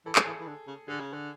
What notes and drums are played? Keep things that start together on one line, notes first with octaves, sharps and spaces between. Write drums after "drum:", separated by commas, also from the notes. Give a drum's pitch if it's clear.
E3 A4
G#4, drum: clap
E3 A4
E3
D3
C#3
D3 G#4
C#3
D3